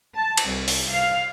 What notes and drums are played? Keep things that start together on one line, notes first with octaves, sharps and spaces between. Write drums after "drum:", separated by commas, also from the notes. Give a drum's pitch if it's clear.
A5
drum: cymbal
C2
drum: open hi-hat
F5